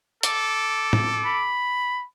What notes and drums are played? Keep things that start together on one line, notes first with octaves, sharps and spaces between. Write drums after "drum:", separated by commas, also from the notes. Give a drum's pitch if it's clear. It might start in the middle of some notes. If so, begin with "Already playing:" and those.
A4 D6, drum: hi-hat
drum: tom
B5